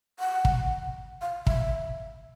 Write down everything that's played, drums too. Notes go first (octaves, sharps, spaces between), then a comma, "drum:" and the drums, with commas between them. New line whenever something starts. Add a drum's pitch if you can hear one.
F#5
drum: kick
F5
E5, drum: kick